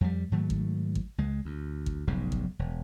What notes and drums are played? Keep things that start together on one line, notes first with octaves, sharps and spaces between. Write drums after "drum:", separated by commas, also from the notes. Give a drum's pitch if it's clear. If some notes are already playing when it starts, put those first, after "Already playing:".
F2 G3
G#2 D#3 F#3 A3
drum: kick
drum: kick
C#2 G#3
D2
drum: kick
F1 B1 G#2 C#3
drum: kick
E1